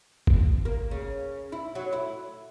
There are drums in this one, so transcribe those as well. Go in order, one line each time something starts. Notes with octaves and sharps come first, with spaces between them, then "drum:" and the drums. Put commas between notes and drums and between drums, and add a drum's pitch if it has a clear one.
drum: kick G1
A#3
C#3
E4
F#3
E4